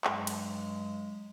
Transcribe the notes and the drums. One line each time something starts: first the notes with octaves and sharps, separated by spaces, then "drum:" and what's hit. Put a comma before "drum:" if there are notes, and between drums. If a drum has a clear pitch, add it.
G2 F#3 G#3, drum: clap
drum: cymbal